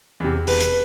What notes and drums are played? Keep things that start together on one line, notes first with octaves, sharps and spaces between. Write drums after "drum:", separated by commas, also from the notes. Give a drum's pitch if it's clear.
E2 C3
E1 B4, drum: open hi-hat
drum: hi-hat